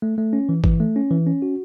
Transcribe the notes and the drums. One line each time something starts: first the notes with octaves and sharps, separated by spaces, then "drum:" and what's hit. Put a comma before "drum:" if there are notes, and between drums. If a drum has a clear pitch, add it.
A3
A3
C#4
E3
E3, drum: kick G#1
A3
C#4
E3
C#4
F#4